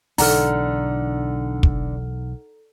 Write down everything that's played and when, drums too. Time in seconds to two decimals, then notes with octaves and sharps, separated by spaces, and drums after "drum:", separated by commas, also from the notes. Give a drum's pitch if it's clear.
0.18 B1 D3 E3 D#4 A4 F#5 A#5 F6, drum: open hi-hat
1.63 drum: kick